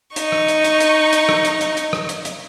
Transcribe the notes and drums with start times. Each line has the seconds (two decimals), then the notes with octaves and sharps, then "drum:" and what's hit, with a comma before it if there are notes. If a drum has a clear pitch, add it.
0.16 D#4 C#6, drum: hi-hat
0.32 drum: rim click
0.48 drum: hi-hat
0.64 drum: hi-hat
0.81 drum: hi-hat
1.13 drum: hi-hat
1.29 drum: rim click
1.45 drum: hi-hat
1.61 drum: hi-hat
1.77 drum: hi-hat
1.93 drum: rim click
2.09 drum: hi-hat
2.25 drum: hi-hat